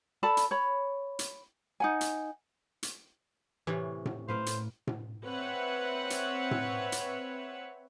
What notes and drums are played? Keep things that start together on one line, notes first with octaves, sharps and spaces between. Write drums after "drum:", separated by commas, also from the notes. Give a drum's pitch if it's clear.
A4 D5 A5 B5
drum: hi-hat
C#5 B5
drum: hi-hat
D#4 F#5 G#5
drum: hi-hat
drum: hi-hat
A2 C3 E3 C#4
drum: tom A2
A2 A#3 B4 C5 F5
drum: hi-hat
drum: tom A2
C4 B4 C#5 E5 F#5
drum: hi-hat
drum: tom A2
drum: hi-hat